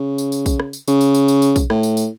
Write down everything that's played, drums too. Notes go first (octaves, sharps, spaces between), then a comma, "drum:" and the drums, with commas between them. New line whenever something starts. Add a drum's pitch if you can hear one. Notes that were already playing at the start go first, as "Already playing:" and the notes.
Already playing: C#3
drum: tambourine
drum: tambourine
drum: kick A#1, tambourine
drum: rim click
drum: tambourine
C#3, drum: tambourine
drum: tambourine
drum: tambourine
drum: tambourine
drum: tambourine
drum: kick A#1, tambourine
A2, drum: rim click
drum: tambourine
drum: tambourine